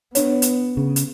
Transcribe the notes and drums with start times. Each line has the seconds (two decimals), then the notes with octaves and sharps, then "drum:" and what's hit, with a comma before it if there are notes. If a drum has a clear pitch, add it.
0.15 B3 D4 C#5, drum: hi-hat
0.42 drum: hi-hat
0.77 C#3
0.96 drum: hi-hat